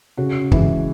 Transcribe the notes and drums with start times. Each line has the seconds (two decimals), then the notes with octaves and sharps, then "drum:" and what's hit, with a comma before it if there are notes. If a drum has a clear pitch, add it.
0.17 C#3 F#4
0.52 E3 G#3, drum: kick